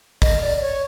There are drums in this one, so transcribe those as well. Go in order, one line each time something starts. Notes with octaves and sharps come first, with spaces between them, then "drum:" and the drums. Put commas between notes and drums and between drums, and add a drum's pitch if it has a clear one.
D#5, drum: kick, open hi-hat
D5
D5
C#5